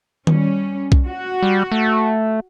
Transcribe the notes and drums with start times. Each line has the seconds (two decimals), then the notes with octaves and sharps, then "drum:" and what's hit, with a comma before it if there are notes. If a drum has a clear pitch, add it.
0.27 G3 C#4, drum: tom D#3
0.92 drum: kick B1
1.06 F#4
1.43 G3
1.72 A3